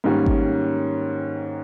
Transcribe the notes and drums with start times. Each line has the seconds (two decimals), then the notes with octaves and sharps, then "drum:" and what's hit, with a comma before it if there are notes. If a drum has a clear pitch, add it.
0.04 G#2 D#3 G3 A#3 C#4
0.26 drum: kick G#1